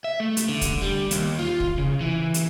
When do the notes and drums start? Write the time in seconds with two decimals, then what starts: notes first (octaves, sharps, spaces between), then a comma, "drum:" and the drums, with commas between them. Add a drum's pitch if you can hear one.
0.04 E5
0.20 A3
0.37 drum: hi-hat
0.49 D3
0.61 drum: kick, hi-hat
0.82 G3
1.11 D#2, drum: hi-hat
1.39 F4
1.60 drum: kick
1.78 C#3
2.01 E3
2.34 drum: hi-hat